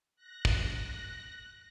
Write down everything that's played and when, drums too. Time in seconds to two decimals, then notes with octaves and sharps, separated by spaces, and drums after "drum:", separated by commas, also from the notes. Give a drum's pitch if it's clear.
0.16 F#6 A#6
0.45 drum: kick